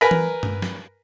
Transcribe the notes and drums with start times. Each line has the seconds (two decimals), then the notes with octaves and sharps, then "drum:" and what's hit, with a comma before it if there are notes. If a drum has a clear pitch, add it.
0.01 A#4 B4 G#5 A#5 B5
0.11 drum: tom E3
0.43 drum: tom G2
0.62 drum: snare